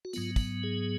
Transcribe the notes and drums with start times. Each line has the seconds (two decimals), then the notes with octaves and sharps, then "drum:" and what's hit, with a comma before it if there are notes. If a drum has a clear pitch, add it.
0.05 F#4
0.13 G#2 F#3 B3 F4, drum: tambourine
0.36 drum: kick, tambourine
0.63 G#4